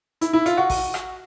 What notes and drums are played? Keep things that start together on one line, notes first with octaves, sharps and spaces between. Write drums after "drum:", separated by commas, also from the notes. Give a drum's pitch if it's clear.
E4, drum: hi-hat
E4
F4, drum: hi-hat
F#4
drum: kick A1, open hi-hat
drum: rim click